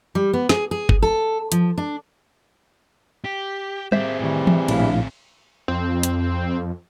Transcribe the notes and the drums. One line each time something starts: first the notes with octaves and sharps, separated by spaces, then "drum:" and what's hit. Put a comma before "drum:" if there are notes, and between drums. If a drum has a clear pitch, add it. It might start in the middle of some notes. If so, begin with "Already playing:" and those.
G3
B3
G#4, drum: snare
G#4
drum: kick G1
A4
F3, drum: hi-hat
D4
G4
A#3 C4 G4 G#4 C5 E5, drum: tom
A2 C3 D#3 E3 G3
drum: tom E3
A#1 A2 D4 E4 F5, drum: cymbal
F2 C4
drum: hi-hat